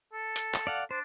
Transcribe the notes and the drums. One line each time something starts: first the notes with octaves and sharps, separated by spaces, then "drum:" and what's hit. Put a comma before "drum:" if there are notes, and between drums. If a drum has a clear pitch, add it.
A4
drum: hi-hat
drum: clap
D5 F5 F#5
D4 C5